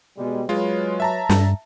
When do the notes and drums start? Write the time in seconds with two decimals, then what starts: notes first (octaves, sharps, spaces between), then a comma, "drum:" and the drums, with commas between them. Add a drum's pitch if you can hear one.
0.17 B2 G3 G#3
0.49 F#3 G#3 F4 B4 C#5
1.00 E5 A5 A#5
1.29 G2, drum: snare